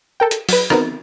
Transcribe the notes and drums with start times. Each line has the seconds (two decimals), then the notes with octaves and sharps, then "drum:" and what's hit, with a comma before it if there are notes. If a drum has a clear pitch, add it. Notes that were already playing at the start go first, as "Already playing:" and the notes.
0.20 A4 A#4 G5
0.31 drum: hi-hat
0.49 F#3 B4, drum: open hi-hat
0.70 B3 C4 D#4 A#4, drum: rim click